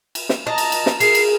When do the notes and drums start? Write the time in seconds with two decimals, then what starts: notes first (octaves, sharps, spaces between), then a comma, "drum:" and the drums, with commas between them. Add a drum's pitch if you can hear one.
0.15 drum: cymbal
0.29 drum: snare
0.47 D#5 A5 A#5
0.58 drum: cymbal
0.72 drum: cymbal
0.86 drum: snare
1.00 G#4 A#4 C7, drum: cymbal
1.15 drum: cymbal